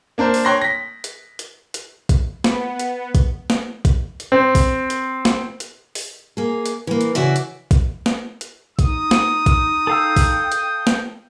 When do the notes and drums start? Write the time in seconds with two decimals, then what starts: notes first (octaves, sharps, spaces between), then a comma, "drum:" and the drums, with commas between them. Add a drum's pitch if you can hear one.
0.18 A#3 D4 A#4 C5
0.34 drum: open hi-hat
0.45 C#5 G5 C6 F#6 A#6
0.62 A#6 B6
1.04 drum: hi-hat
1.39 drum: hi-hat
1.74 drum: hi-hat
2.09 drum: kick, hi-hat
2.44 B3, drum: snare
2.79 drum: hi-hat
3.15 drum: kick, hi-hat
3.50 drum: snare
3.85 drum: kick, hi-hat
4.20 drum: hi-hat
4.32 C4
4.55 drum: kick, open hi-hat
4.90 drum: hi-hat
5.25 drum: snare
5.60 drum: hi-hat
5.95 drum: open hi-hat
6.37 A#3 G#4
6.66 drum: hi-hat
6.87 E3 A#3
7.01 drum: hi-hat
7.15 C#3 E3 F#4 D5 E5
7.36 drum: hi-hat
7.71 drum: kick, hi-hat
8.06 drum: snare
8.41 drum: hi-hat
8.79 D#4 D#6, drum: kick, hi-hat
9.11 drum: snare
9.46 drum: kick, hi-hat
9.87 A4 F5 G5 E6
10.16 drum: kick, open hi-hat
10.52 drum: hi-hat
10.87 drum: snare